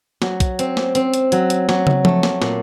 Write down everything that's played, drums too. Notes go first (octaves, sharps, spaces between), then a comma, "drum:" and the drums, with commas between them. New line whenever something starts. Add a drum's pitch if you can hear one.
F#3, drum: snare
drum: kick, hi-hat
C4, drum: hi-hat
drum: snare
C4, drum: hi-hat
drum: hi-hat
F#3, drum: hi-hat
drum: hi-hat
F#3, drum: snare
drum: tom
A3, drum: tom F3
drum: snare
A#2, drum: snare